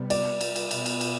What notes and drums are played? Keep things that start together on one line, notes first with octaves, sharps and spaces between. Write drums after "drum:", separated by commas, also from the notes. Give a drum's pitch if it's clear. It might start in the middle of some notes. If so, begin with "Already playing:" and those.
Already playing: C3 G3 B3
D5, drum: cymbal
drum: cymbal
drum: cymbal
B2 B3, drum: cymbal
drum: cymbal
drum: cymbal